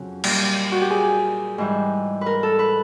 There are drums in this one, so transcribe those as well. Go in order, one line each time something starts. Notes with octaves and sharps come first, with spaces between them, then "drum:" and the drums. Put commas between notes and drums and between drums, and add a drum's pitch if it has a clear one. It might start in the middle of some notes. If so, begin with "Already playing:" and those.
Already playing: F2 C#3 F#3
A#2 G3, drum: cymbal
F#4
G4
G#4
G#2 E3 G3
A#4 B4
A4
B4